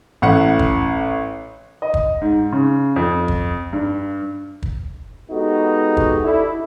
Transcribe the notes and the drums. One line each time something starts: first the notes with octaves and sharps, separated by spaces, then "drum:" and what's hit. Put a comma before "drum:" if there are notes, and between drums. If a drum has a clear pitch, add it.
A1 F#5 C#7
drum: kick
D#5
drum: kick
G#2
C#3
F2
drum: kick
G2
drum: kick
G#3 B3 D#4 F#4 G4 A4
drum: kick
D4 E4 A4